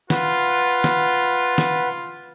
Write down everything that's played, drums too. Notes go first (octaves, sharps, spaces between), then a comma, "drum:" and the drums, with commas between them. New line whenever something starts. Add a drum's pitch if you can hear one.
F4 B4 F#5, drum: snare
drum: snare
drum: snare